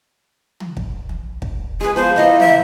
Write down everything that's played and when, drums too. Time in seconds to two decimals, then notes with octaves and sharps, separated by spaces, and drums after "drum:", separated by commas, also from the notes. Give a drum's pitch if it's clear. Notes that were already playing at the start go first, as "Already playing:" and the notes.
0.60 drum: tom
0.77 drum: kick
1.09 drum: tom
1.42 drum: kick
1.81 G#3 G#4 B4
1.96 F3 B3 C5
2.16 A#3 E4 F4 D#5
2.40 E5, drum: tom